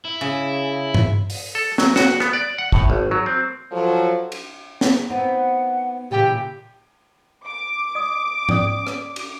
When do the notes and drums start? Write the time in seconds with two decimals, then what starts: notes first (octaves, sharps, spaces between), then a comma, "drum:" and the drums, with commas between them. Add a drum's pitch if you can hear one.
0.05 E4
0.21 C#3
0.94 drum: tom G2
1.30 drum: open hi-hat
1.55 A4
1.78 F#3, drum: snare
1.96 F#4, drum: snare
2.20 B3, drum: rim click
2.33 D5
2.58 F#5
2.72 A2, drum: kick
2.90 G#1
3.11 F#3
3.26 C4
3.71 F3 F#3 A4
4.32 drum: cymbal
4.81 drum: snare
5.09 B3 C4 D#4 F#5
6.11 A#2 C#3 E3 G4
7.45 D6
7.95 D#5 D#6
8.49 C#4 D5 D#6, drum: tom G#2
8.87 drum: rim click
9.16 drum: cymbal